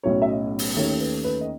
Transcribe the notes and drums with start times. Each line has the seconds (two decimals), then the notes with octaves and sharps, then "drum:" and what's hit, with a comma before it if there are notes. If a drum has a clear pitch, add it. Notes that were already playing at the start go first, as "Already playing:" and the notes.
0.03 B1 A2 F#3 C#4 C#5
0.22 E5
0.28 D#5
0.59 drum: open hi-hat
0.76 D#2 D#3 A3 C#4 C#5
1.00 B4
1.24 B4
1.41 D#5